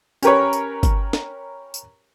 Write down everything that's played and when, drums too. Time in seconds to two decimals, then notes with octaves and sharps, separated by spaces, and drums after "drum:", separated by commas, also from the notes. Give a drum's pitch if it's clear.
0.22 C#4 G4 A#4 B4 C#5, drum: tambourine
0.53 drum: tambourine
0.83 drum: kick G1, tambourine
1.13 drum: snare
1.74 drum: tambourine